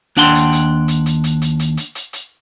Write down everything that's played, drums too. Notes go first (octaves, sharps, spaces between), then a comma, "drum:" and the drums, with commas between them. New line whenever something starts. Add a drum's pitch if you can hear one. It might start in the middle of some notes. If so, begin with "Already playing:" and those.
D#2 D4 F#5 G5 C6, drum: hi-hat
drum: hi-hat
drum: hi-hat
drum: hi-hat
drum: hi-hat
drum: hi-hat
drum: hi-hat
drum: hi-hat
drum: hi-hat
drum: hi-hat
drum: hi-hat